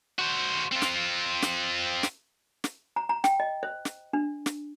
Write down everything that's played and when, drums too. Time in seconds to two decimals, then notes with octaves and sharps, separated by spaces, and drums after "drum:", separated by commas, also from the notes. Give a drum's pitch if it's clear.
0.19 F#4 C5
0.71 C4 F4
0.82 drum: snare
1.42 drum: snare
2.03 drum: snare
2.64 drum: snare
2.96 A#5
3.09 A#5
3.24 G5, drum: snare
3.40 D#5
3.63 C5
3.85 drum: snare
4.13 D4
4.46 drum: snare